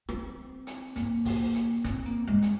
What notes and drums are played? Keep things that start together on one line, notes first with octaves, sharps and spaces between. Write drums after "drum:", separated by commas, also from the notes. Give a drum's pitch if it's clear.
C4, drum: rim click
drum: hi-hat
A#3, drum: hi-hat
drum: kick, open hi-hat
drum: hi-hat
C4, drum: kick, hi-hat
A#3
G#3
drum: hi-hat